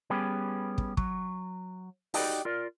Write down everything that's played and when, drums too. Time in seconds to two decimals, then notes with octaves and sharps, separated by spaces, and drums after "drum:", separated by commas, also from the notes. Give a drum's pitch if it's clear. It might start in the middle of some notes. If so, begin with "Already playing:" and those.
0.10 G3 B3 C#4 G4 G#4 B4
0.78 drum: kick
0.97 F#3, drum: kick
2.14 D#4 F#4 G4 D5 D#5, drum: open hi-hat
2.45 F4 A#4 D5